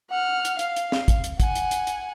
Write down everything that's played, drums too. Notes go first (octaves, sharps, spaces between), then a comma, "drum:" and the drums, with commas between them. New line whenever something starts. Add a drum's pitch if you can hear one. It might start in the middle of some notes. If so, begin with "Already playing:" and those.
F#5 F6
drum: hi-hat
F5, drum: hi-hat
drum: hi-hat
drum: snare
drum: kick, hi-hat
drum: hi-hat
F#5 G#5, drum: kick, hi-hat
drum: hi-hat
drum: hi-hat
drum: hi-hat